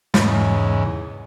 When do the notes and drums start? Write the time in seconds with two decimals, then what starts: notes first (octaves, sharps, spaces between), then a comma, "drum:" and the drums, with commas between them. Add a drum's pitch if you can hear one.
0.14 E2 G#2 C#3, drum: snare